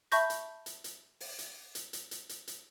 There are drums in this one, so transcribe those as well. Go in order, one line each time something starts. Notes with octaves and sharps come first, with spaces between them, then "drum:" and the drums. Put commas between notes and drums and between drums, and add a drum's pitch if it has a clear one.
E5 A5 B5 C#6 G6 A#6, drum: hi-hat
drum: hi-hat
drum: hi-hat
drum: hi-hat
drum: open hi-hat
drum: hi-hat
drum: hi-hat
drum: hi-hat
drum: hi-hat
drum: hi-hat
drum: hi-hat